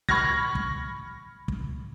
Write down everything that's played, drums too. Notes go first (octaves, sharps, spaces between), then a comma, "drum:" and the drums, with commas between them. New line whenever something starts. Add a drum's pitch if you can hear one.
B5 C#6 F6 G#6 A#6, drum: kick
drum: kick
drum: kick